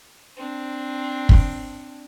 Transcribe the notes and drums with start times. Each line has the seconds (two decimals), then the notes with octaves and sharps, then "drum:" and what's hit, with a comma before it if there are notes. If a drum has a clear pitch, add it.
0.37 C4 D4
1.29 drum: kick